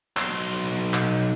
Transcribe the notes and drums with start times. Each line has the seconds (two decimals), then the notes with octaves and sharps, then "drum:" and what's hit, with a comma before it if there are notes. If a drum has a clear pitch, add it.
0.17 B1 C6, drum: clap
0.94 drum: clap